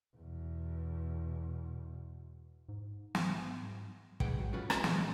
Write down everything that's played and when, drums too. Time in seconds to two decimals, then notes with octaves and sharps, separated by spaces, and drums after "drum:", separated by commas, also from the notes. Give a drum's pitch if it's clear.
0.16 E2 B2
2.69 G#2
3.15 drum: snare
4.20 G#2 G#4 B4 F#5 G5, drum: kick
4.39 F#3
4.53 C#4 F4 F#4 A4 B4
4.70 G#3 C4 E4 F#4 A4, drum: rim click
4.84 A#2 C#3 E3 G#3, drum: snare